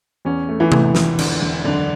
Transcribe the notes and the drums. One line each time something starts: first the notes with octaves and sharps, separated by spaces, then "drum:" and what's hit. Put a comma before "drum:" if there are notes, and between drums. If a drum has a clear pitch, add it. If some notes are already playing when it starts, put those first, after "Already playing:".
E2 C#4
A3
E3 E4
E2, drum: tom C3
E1, drum: snare
D3, drum: cymbal
E1
F#1 D3 D4